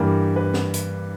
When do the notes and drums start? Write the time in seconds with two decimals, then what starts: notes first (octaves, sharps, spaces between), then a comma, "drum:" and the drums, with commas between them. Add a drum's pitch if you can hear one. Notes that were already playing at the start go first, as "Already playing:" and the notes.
Already playing: G2 E3 G3 A#3 A#4
0.36 B4
0.54 drum: snare
0.74 drum: hi-hat